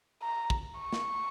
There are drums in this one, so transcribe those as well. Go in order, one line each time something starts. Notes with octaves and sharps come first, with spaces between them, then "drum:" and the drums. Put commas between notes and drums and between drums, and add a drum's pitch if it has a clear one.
A#5
drum: kick
C#6
drum: snare